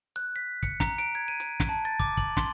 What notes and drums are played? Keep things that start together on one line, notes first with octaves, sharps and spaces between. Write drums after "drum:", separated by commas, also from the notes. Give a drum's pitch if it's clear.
F#6
B6
C#7, drum: kick, hi-hat
A#5, drum: snare
D7, drum: hi-hat
G#6
D#7
drum: hi-hat
drum: snare
A5
A6
D6, drum: kick, hi-hat
F#7, drum: kick, hi-hat
C6, drum: snare